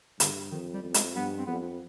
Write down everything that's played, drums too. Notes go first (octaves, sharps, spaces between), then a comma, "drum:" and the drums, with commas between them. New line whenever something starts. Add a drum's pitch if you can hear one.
G2 D3, drum: hi-hat
F2 D#3
G3
F2
G#3, drum: hi-hat
G2 B3
C4
F2 B3